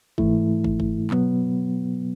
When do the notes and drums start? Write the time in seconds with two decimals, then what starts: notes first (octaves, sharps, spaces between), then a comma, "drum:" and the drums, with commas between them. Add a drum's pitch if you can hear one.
0.18 G#2 E3 A3 E4, drum: kick
0.64 drum: kick
0.80 drum: kick
1.11 B2 F#3 B3, drum: clap